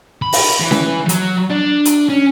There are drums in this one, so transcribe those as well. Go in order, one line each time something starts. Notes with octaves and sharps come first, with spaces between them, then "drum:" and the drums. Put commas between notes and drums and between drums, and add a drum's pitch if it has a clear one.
B5
drum: open hi-hat
E3
drum: snare C#4
F#3, drum: hi-hat
D4
drum: hi-hat
C#4